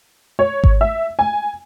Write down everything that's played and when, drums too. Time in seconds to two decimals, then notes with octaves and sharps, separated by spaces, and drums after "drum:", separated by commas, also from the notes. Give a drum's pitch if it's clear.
0.39 C#5
0.64 drum: kick G#1
0.81 E5
1.19 G#5